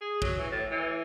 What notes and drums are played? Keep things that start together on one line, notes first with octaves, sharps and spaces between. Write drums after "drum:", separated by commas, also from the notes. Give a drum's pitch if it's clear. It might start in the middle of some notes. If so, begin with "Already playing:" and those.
G#4
F#3, drum: kick
E3
A2
E3